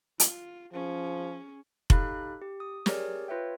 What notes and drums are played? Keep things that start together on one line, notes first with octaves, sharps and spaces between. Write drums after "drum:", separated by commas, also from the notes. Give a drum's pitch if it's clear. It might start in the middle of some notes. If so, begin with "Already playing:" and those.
F4, drum: hi-hat
F3 C#4 G#4
D#4 G4 A4 F5 B5 F#6, drum: kick F1
G4
D#6
G4 G#4 A#4 C#5 D5, drum: snare
F4 B4 C#5 E5 G5